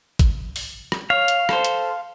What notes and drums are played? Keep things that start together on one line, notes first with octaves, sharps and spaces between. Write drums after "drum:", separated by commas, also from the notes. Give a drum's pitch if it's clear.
drum: kick A1, hi-hat
drum: open hi-hat
drum: rim click
C#5 F5
drum: hi-hat
A4 C5, drum: rim click
drum: hi-hat